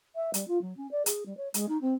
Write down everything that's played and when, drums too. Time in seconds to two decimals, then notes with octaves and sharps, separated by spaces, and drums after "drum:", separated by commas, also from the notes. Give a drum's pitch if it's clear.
0.16 E5
0.34 G3, drum: hi-hat
0.48 F4
0.62 F#3
0.77 C#4
0.91 D5
1.06 G#4, drum: hi-hat
1.26 G3
1.37 C#5
1.54 G#3, drum: hi-hat
1.69 D#4
1.81 C4